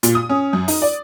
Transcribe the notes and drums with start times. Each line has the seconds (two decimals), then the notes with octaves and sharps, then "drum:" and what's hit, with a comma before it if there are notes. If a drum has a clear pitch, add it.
0.03 A#2, drum: hi-hat
0.15 D#6
0.29 C#4
0.53 F#2
0.68 D#4, drum: open hi-hat
0.82 D5